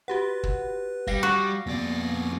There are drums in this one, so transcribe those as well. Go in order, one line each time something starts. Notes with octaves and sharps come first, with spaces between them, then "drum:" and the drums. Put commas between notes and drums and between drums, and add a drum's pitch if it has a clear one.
F#4 G4 B4 F#5
drum: kick
G3 F5 A#6 C7, drum: kick
F#4
F2 A#3 B3 D5